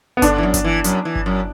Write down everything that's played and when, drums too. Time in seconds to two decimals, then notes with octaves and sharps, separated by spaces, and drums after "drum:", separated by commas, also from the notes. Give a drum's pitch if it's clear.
0.17 B3
0.22 D3 D4, drum: kick G1, hi-hat
0.38 E3
0.43 F#2
0.54 drum: kick G1, hi-hat
0.64 E3
0.84 F#2, drum: hi-hat
1.05 E3
1.16 drum: kick G1
1.26 F#2